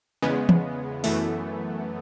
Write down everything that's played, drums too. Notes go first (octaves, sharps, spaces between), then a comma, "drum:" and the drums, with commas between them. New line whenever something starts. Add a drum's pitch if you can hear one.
E2 C#3 G#3 B3
drum: tom E3
F#2 E3 A3, drum: open hi-hat